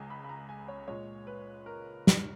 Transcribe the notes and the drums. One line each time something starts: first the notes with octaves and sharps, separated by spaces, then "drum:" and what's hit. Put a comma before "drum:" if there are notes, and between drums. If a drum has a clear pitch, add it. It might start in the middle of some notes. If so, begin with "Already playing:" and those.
Already playing: C#2 C#3 G#5 A#5
B5
B5
A#5
G#5
C#5
A#2 G#3 C#5
B4
A#4
drum: snare